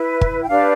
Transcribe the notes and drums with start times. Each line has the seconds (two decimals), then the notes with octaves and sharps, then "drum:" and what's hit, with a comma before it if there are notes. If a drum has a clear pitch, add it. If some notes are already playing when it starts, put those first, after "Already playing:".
Already playing: E4 B4
0.21 drum: kick
0.43 G5
0.49 D4 G4 B4 D5 F5